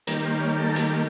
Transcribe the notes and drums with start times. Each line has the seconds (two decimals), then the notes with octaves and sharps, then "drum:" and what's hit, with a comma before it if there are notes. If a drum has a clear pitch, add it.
0.07 D#3 G3 A#3 A#4, drum: hi-hat
0.25 C5
0.41 C#5
0.58 A4
0.76 drum: hi-hat